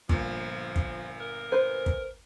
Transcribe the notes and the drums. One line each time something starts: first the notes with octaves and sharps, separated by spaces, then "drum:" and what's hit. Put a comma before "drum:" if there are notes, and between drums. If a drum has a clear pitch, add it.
G1 A#2 F3, drum: kick
drum: kick
A#4
B4 C5
drum: kick